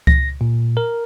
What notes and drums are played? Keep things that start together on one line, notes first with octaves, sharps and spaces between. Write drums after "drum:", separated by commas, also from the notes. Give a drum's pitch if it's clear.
A#6, drum: kick C#2
A#2
A#4